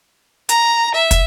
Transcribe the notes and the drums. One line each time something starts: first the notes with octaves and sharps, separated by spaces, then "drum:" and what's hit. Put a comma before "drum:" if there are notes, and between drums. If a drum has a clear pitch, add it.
A#5, drum: hi-hat
E5
drum: kick, hi-hat